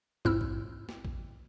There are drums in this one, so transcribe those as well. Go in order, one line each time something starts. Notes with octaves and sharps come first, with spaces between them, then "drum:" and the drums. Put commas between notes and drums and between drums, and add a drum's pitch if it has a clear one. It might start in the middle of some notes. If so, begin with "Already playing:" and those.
E2 G#2 C4 E4 E6 F6, drum: kick
drum: kick
drum: snare
drum: kick